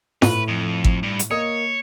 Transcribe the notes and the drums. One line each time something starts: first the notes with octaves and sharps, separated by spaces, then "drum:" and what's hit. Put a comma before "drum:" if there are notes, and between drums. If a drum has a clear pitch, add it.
A2 B4, drum: snare F4
F2
drum: kick
G2
drum: hi-hat
A#3 C#5 D#5 D#6